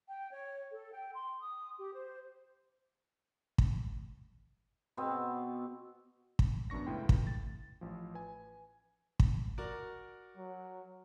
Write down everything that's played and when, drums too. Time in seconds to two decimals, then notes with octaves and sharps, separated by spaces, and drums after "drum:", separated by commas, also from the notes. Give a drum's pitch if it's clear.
0.08 G5
0.32 C#5
0.72 A4
0.93 G5
1.13 C6
1.40 D#6
1.78 G4
1.94 C5
3.58 drum: kick
4.97 B2 B3 C4
6.39 drum: kick
6.70 F#2 B3 D4 C#6 A#6
6.86 C#2 A2 E4 B4 G5 C6
7.09 drum: kick
7.27 A6
7.81 A1 F3
8.14 B4 G#5
9.20 drum: kick
9.58 F#4 A#4 D5
10.37 F#3